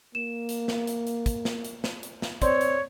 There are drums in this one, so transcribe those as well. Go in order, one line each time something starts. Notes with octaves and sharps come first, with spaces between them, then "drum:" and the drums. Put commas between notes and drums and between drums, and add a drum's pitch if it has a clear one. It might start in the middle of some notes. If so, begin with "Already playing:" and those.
A#3 E7
drum: hi-hat
drum: snare
drum: hi-hat
drum: hi-hat
drum: kick, hi-hat
drum: snare
drum: hi-hat
drum: snare
drum: hi-hat
drum: snare
C4 C#5 D5 C6, drum: kick, hi-hat
drum: hi-hat